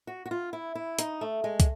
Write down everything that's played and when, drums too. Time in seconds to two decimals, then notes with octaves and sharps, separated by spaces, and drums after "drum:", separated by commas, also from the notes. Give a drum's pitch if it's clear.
0.07 F#4
0.26 F#4
0.31 F4
0.53 E4
0.75 E4
0.99 D#4, drum: hi-hat
1.21 A3
1.44 G#3
1.60 drum: kick, hi-hat